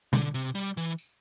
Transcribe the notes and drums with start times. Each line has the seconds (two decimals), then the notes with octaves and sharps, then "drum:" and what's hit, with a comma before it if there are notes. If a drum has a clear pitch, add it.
0.13 D3, drum: tom B2
0.34 C3
0.55 G3
0.77 E3
0.98 drum: tambourine